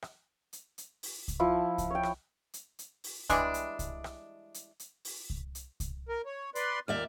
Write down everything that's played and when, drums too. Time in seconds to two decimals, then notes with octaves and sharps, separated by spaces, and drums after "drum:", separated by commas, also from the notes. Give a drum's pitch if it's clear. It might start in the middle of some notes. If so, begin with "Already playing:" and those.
0.02 drum: rim click
0.53 drum: hi-hat
0.78 drum: hi-hat
1.03 drum: open hi-hat
1.28 drum: kick C2, hi-hat
1.40 F3 E4
1.78 drum: kick C2, hi-hat
1.90 C#5 G5
2.03 drum: rim click
2.54 drum: hi-hat
2.79 drum: hi-hat
3.04 drum: open hi-hat
3.30 E3 G3 G#3 D4, drum: kick C2, hi-hat
3.54 drum: hi-hat
3.79 drum: kick C2, hi-hat
4.04 drum: rim click
4.54 drum: hi-hat
4.80 drum: hi-hat
5.05 drum: open hi-hat
5.30 drum: kick C2
5.55 drum: hi-hat
5.80 drum: kick C2, hi-hat
6.09 A#4
6.26 C#5
6.55 B4 D5 C6, drum: hi-hat
6.88 D#2 A#2 D5 E5 F6